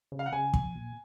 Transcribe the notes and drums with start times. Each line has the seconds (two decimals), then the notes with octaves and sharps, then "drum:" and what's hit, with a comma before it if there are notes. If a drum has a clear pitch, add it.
0.12 C#3
0.19 F5
0.26 F#5
0.32 C#3 G#5
0.54 F3, drum: kick
0.75 A#2